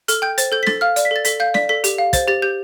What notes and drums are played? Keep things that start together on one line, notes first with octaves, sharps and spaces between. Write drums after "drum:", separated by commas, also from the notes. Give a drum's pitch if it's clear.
A4 F6, drum: hi-hat
G5 G6
C5 A6, drum: hi-hat
A4 G6
B6
A4 A6, drum: snare
F5 F6
D5, drum: hi-hat
B6
A4 A6
A4 B6, drum: hi-hat
F5 G6
D5 B6, drum: snare
A4 B6
G4, drum: hi-hat
F5
C5 A6, drum: kick, hi-hat
G4 A6
G4 G6